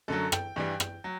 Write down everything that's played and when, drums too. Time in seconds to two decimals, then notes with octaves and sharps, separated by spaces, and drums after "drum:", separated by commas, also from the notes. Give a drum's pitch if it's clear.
0.08 F#2 D3 F#3 A4
0.32 G5, drum: rim click
0.56 G2 E3 G3
0.80 drum: rim click
1.04 F#3